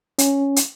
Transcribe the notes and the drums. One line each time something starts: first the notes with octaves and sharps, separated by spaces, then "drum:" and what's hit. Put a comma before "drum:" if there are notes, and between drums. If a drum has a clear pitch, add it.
C#4, drum: hi-hat
drum: hi-hat